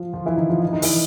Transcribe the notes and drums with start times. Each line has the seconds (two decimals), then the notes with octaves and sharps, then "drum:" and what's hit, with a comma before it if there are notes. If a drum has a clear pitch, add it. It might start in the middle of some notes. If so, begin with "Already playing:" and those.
Already playing: F3 F4
0.13 F3 F4
0.26 E3 E4
0.37 D#3 D#4
0.50 F3 F4
0.62 E4
0.73 D#4
0.82 E3 E4, drum: open hi-hat